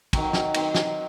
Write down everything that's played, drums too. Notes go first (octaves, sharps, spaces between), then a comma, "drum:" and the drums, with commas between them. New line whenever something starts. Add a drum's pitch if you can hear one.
D#3 F#3 C4, drum: kick, cymbal
drum: snare
D#3 F#3 C4, drum: cymbal
drum: snare